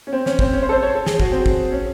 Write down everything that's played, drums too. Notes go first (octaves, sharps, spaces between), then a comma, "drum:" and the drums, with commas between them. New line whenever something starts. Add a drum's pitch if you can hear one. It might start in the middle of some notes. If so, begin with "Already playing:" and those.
C#4
C4
C#4, drum: snare
C4, drum: kick
C#4
C5
A4
C5
C#5
A4
G#4, drum: snare
F#4, drum: kick
C4
drum: kick
C#4